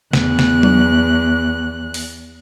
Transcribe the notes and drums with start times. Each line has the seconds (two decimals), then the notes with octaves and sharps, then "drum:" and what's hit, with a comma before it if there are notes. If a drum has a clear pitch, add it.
0.13 E2 F#6, drum: snare
0.39 drum: snare
0.63 drum: tom F#3
1.94 drum: open hi-hat